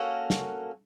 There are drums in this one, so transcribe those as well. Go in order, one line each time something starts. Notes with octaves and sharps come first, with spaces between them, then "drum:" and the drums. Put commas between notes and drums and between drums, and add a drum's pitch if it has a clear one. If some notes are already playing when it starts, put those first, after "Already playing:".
Already playing: A#3 C#4 F#4 A4
drum: snare